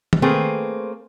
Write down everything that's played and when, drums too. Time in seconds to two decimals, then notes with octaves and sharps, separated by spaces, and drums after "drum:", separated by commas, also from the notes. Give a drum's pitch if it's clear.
0.13 drum: tom D#3
0.22 A3 A#3 C4 G#4 B4